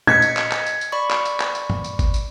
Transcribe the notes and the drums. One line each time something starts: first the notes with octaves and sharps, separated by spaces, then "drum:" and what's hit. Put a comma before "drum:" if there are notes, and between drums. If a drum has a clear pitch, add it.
D#5 G#6 B6 C#7, drum: tom A#2
drum: tambourine
drum: clap
drum: clap
drum: tambourine
drum: tambourine
D5 B5 C#6
drum: clap
drum: tambourine
drum: clap
drum: tambourine
drum: tom G2
drum: tambourine
drum: kick G#1, tambourine
drum: tambourine